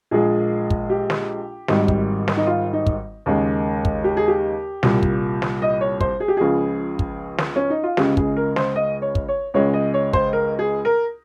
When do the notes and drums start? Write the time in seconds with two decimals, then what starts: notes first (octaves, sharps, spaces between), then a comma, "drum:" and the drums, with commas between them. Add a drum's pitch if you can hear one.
0.11 A#1 A#2 G#3 G#4
0.70 drum: kick
0.90 G4
1.10 drum: snare
1.68 G#1 G#2 D#3 G3, drum: snare
1.88 drum: kick
2.28 drum: snare
2.37 D#4
2.47 F4
2.73 D#4
2.87 drum: kick
3.26 D#2 C#3 G#3
3.85 drum: kick
4.04 G4
4.17 G#4
4.28 G4
4.83 C2 A#2 G3, drum: snare
5.03 drum: kick
5.42 drum: snare
5.62 D#5
5.81 C#5
6.01 C5, drum: kick
6.20 G#4
6.28 G4
6.37 C#2 C#3 F3 G#4
6.99 drum: kick
7.38 drum: snare
7.56 C#4
7.70 D#4
7.83 F4
7.97 C#2 C#3 G#3 G4, drum: snare
8.17 G#4, drum: kick
8.37 A#4
8.56 C5, drum: snare
8.76 D#5
9.02 C#5
9.15 drum: kick
9.28 C#5
9.54 C#2 C#3 G#3 C#5
9.74 D#5
9.94 C#5
10.13 C5, drum: kick
10.33 A#4
10.59 G#4
10.85 A#4